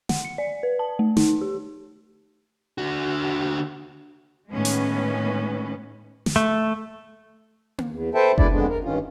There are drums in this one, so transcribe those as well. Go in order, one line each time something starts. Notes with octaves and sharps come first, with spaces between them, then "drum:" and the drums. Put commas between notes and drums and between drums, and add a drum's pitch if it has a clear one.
F#5, drum: snare
C#7
D5
B4
A5
A3
D#4, drum: snare
G4
D3 F#4
A2 D#3 G#3 B3 C#4 B4
drum: hi-hat
drum: snare
A3
drum: tom A#3
E2
A4 B4 C5 E5 G5 A5
D2 B2 G#3 D4 E4 D5, drum: kick F#1
F2 D3 G#3 B3 D4
A#4
G2 D#3 C#4 F4